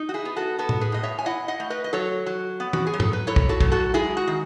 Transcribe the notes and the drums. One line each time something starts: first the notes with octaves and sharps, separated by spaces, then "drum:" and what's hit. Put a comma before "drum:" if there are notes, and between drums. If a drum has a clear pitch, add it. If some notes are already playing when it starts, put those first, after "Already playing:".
Already playing: D#4
F#4
E4 G#4
B3
F#4 A4
B3 F#4 A4
drum: tom A2
G#4 B4
A2 D#5
C#5 E5
G#5
E4 D#5 F#5
D#5 F#5
A3
B4 D#5
D#5
F#3 A4 C#5
F#3
B3
F#4, drum: tom
G#4
F#3
A4, drum: tom G#2
B4
E4 A4 C#5
drum: kick
F#4 A4
F#3, drum: kick
F#4 A4
G#3 E4 G#4
F#4
D#3